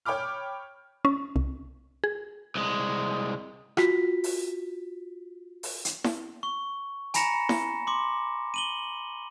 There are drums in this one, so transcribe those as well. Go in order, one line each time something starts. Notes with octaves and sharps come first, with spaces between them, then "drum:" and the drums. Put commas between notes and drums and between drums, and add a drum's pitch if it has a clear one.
C#5 G5 B5 D6 F6
C#4
C2
G#4
C2 G#3
F4 F#4 B6, drum: rim click
drum: open hi-hat
drum: open hi-hat
drum: hi-hat
drum: snare E4
C#6
G#5 A#5 B5 A#6 C#7 E7, drum: hi-hat
drum: snare E4
C6 D6
D#7 F#7 G7